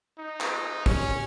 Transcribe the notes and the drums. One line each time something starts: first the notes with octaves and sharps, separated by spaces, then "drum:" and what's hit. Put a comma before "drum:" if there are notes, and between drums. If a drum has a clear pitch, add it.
D#4
drum: clap
C#4, drum: kick, open hi-hat